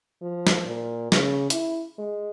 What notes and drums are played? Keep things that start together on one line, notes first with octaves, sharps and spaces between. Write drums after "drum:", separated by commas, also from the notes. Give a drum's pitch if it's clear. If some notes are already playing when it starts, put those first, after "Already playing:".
F3
drum: snare
A#2
C#3, drum: snare
E4, drum: hi-hat
G#3